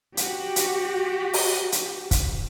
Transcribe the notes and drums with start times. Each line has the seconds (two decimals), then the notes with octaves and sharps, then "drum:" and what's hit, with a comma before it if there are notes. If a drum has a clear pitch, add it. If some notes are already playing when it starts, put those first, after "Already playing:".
0.17 F#4 G4, drum: hi-hat
0.56 drum: hi-hat
1.33 drum: open hi-hat
1.72 drum: hi-hat
2.11 drum: kick, hi-hat